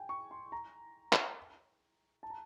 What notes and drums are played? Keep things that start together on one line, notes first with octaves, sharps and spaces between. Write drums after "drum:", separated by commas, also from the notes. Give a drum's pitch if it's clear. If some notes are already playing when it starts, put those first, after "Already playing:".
Already playing: G5 G#5
C#6
C6
A#5
drum: clap
A5
A#5